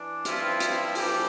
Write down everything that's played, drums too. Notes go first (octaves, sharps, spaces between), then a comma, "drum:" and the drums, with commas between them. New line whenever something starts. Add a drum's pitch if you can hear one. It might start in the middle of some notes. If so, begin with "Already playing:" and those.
Already playing: E3 D4
G2 F3 C4 E4 F4, drum: hi-hat
drum: hi-hat
G2 E3 A3 C4 G4, drum: open hi-hat